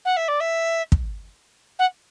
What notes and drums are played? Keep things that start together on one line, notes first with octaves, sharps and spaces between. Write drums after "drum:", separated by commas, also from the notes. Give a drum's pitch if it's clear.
F#5
E5
D5
E5
drum: kick
F#5